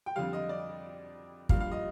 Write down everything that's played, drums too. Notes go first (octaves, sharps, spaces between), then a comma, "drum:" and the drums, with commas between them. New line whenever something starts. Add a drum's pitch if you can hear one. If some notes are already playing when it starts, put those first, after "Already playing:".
G5
F2 D3 G3 F5
D#5
D5
G2 F3 A#3 F5, drum: kick
F5
D#5